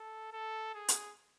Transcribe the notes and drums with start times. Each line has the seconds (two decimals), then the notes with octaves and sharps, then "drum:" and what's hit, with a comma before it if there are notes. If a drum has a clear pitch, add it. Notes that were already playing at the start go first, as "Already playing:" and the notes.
Already playing: A4
0.33 A4
0.75 G#4
0.88 drum: hi-hat